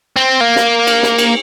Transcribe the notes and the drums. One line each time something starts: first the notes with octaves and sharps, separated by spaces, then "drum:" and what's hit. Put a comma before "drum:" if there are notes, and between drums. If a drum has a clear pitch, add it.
C4
A#3
drum: snare
drum: cymbal
drum: snare
drum: cymbal